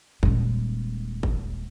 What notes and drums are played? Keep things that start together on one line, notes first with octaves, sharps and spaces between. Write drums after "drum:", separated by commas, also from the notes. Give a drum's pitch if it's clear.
D#1 G#3, drum: kick G#1
drum: kick G#1